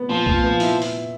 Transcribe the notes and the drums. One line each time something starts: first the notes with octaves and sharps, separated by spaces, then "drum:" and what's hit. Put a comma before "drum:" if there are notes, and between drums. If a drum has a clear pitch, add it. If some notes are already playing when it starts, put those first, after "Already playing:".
Already playing: B3
A#2 F3
A#2, drum: kick B1
B3
E4, drum: open hi-hat
drum: open hi-hat